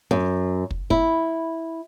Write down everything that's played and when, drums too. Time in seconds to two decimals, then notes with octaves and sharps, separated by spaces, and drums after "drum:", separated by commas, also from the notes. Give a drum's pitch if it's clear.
0.11 F#2
0.71 drum: kick
0.90 E4, drum: kick